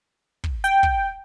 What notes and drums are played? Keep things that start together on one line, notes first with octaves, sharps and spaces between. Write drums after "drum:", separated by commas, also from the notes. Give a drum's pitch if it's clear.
drum: kick
G5, drum: hi-hat
drum: kick